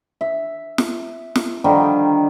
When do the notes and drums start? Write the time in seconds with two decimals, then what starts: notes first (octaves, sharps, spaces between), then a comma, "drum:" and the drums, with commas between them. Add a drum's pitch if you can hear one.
0.21 E5
0.78 drum: snare
1.36 drum: snare
1.64 D3 D#3 F3 G3